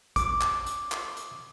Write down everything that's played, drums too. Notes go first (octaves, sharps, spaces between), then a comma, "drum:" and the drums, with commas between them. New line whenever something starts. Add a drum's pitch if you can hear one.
D6, drum: kick, hi-hat
drum: clap
drum: hi-hat
drum: clap
drum: hi-hat